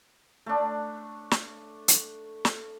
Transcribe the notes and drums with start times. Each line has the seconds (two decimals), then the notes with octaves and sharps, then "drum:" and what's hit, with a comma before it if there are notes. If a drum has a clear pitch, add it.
0.46 A3 D4
1.31 drum: snare
1.88 drum: hi-hat
2.45 drum: snare